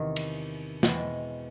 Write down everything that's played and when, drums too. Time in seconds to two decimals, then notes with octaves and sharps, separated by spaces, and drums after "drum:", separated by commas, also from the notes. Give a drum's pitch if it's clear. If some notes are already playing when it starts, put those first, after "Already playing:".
Already playing: E2 C3 D#3
0.16 drum: cymbal
0.83 E2 B2 G#3 C4, drum: snare